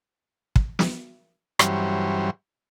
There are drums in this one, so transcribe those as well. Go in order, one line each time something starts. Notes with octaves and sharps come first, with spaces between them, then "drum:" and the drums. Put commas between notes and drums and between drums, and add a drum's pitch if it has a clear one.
drum: kick
drum: snare
G2 E3 F#3 G3 C#4 C5, drum: rim click